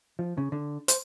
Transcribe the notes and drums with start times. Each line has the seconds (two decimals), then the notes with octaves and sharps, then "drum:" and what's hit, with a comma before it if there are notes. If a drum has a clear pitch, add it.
0.19 F3
0.37 C#3
0.52 D3
0.88 C5, drum: hi-hat